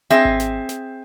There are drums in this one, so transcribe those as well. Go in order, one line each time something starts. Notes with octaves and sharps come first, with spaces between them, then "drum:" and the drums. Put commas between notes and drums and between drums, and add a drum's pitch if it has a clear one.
C4 G#4 D#5 E5, drum: hi-hat
drum: kick G#1
drum: snare
drum: snare